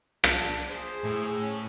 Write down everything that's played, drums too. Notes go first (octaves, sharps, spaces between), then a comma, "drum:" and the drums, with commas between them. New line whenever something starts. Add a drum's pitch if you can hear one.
D4, drum: rim click
G#4 C5
A2
C#4